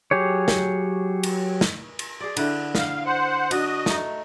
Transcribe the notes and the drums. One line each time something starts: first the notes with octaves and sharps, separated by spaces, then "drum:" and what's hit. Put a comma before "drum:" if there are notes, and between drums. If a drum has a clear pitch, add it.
F#3 G4 G#4 C#5
drum: snare
drum: cymbal
drum: snare
drum: cymbal
G#4 D5
D3 E4, drum: cymbal
F5, drum: snare
C5 F#5
D4 F#4 D#5, drum: cymbal
A3 D#4, drum: snare